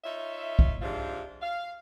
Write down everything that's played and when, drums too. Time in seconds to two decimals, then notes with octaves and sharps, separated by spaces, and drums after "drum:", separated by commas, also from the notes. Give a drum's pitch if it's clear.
0.04 D#4 F4 C#5 E5
0.59 drum: kick
0.82 G#2 C3 F3 D4 F4
1.42 F5